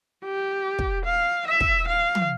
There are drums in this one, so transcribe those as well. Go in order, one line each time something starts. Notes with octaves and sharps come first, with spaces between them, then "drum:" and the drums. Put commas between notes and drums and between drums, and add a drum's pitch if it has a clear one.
G4
drum: kick
F5
E5
drum: kick
F5
drum: tom